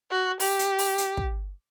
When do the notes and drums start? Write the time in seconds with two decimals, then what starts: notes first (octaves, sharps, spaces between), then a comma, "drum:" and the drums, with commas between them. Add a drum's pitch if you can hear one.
0.11 F#4
0.40 G4, drum: open hi-hat
0.59 drum: hi-hat
0.78 drum: open hi-hat
0.98 drum: hi-hat
1.17 drum: kick